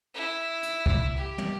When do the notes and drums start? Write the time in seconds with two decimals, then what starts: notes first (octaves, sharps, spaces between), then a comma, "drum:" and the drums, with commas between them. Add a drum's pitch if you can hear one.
0.15 E4
0.63 drum: hi-hat
0.86 drum: kick C2
1.17 G4
1.38 drum: tom